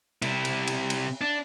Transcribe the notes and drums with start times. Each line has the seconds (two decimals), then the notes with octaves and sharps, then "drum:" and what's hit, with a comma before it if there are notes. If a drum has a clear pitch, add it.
0.22 C3 E4, drum: cymbal
0.45 drum: cymbal
0.68 drum: cymbal
0.90 drum: cymbal
1.21 D4